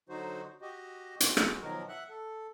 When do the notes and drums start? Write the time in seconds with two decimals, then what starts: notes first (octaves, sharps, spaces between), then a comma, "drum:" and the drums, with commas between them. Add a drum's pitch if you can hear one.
0.09 D3 F#3 D#4 F#4 C5
0.62 F#4 G4 D#5
1.20 G#3 F#4, drum: hi-hat
1.37 drum: rim click
1.62 B2 D#3 F3 F#3 A#4
1.89 E5 F#5 F#6
2.09 A4